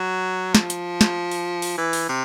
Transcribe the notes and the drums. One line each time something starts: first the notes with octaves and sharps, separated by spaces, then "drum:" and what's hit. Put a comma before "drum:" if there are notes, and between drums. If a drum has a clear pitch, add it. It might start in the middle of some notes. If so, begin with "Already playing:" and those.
Already playing: F#3
F3, drum: snare
drum: hi-hat
drum: snare
drum: open hi-hat
drum: open hi-hat
E3
drum: open hi-hat
C3